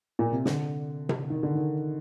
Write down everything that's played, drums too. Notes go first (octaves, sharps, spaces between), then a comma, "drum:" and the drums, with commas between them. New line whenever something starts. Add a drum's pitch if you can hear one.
A#2
C3
D3, drum: snare
drum: tom C3
D#3
D3
D#3